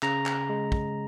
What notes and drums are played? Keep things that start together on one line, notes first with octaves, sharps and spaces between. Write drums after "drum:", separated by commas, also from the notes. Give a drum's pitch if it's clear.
C#3 A#5, drum: clap
drum: clap
G#3
drum: kick